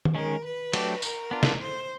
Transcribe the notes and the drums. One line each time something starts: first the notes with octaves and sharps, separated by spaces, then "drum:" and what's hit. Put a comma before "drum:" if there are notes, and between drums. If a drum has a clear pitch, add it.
drum: tom D#3
D#3 G#3 C#4 A#4
B4
F#3 A3 D4 G4, drum: cymbal
A#4, drum: tambourine
B3 D4 F4
drum: snare
C5